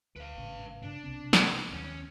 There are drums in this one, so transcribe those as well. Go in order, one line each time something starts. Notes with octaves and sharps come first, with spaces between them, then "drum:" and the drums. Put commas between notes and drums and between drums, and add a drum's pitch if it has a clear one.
D2 B4 F5
G#1 A2 C#3
G2 C#3 D4
B1 C3 C4
drum: snare
D#2 C#4